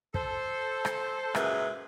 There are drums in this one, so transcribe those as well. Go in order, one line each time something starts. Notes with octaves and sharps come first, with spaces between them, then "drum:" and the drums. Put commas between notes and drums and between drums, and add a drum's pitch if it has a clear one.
A4 C5, drum: kick
drum: rim click
F#2 A#2 C#3 G#3 B4 E5, drum: rim click